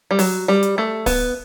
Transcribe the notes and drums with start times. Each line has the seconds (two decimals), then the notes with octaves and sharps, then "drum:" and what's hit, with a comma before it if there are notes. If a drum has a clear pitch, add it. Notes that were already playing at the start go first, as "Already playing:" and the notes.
0.11 G3
0.19 F#3, drum: open hi-hat
0.48 G3
0.63 drum: hi-hat
0.78 A3
1.06 B3, drum: kick, open hi-hat